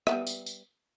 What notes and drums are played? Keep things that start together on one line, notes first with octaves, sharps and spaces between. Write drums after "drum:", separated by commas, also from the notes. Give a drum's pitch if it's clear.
G3 B3 E5, drum: rim click
drum: tambourine
drum: tambourine